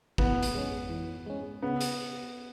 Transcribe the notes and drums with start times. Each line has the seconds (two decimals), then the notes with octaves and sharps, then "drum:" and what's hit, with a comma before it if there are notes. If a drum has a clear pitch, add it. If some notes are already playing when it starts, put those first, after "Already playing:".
0.18 E3 B3, drum: kick G#1
0.43 drum: hi-hat
0.55 G#3 C#4
0.90 E3
1.26 G#3 C#4
1.62 C#3 B3
1.81 drum: hi-hat